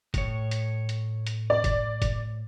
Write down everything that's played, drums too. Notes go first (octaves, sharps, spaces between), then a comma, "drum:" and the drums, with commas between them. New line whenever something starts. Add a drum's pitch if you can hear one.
A2 C#5, drum: kick F#1, hi-hat
drum: hi-hat
drum: hi-hat
drum: hi-hat
D5
drum: kick F#1, hi-hat
drum: kick F#1, hi-hat